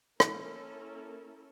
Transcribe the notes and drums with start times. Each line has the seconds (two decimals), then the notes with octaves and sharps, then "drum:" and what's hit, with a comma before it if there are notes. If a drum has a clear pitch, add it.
0.20 A#3 C#4 E4 A4 A#4, drum: rim click